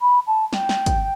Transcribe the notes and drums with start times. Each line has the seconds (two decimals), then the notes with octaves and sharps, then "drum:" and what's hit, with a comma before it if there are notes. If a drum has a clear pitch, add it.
0.01 B5
0.27 A5
0.53 G5, drum: snare
0.69 drum: snare
0.86 drum: kick, hi-hat